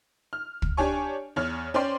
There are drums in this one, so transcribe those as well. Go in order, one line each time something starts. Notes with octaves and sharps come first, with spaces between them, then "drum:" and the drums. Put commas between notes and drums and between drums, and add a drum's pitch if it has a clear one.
F6
drum: kick
D4 G4 C#5 G#5 C#6
E2 C#5 F6
C#4 C5 D5 G5 C6